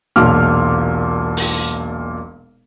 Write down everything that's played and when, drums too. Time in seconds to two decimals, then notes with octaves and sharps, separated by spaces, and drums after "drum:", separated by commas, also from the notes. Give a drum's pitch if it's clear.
0.16 E1 B1 A#2 D6 F6
1.37 drum: open hi-hat